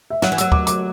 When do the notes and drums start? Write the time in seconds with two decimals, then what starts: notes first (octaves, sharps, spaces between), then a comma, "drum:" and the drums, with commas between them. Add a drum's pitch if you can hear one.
0.10 E5
0.22 F#3 F#5, drum: snare
0.32 E3
0.38 F#3 E6, drum: hi-hat
0.52 D6, drum: kick
0.67 D6, drum: hi-hat